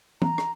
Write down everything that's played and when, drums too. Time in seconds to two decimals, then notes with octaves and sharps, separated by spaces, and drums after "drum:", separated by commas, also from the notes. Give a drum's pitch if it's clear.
0.22 A#5, drum: tom
0.38 drum: rim click